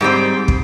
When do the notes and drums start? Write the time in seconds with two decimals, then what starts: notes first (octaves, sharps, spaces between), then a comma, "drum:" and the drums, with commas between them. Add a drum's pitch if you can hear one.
0.01 G#2 G3 C4
0.48 drum: kick